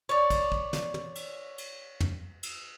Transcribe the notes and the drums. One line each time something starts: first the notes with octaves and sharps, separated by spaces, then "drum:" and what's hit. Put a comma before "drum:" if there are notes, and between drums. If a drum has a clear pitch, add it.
C#5 D5
drum: kick, cymbal
drum: kick
drum: snare
drum: tom
drum: cymbal
drum: cymbal
drum: tom
drum: cymbal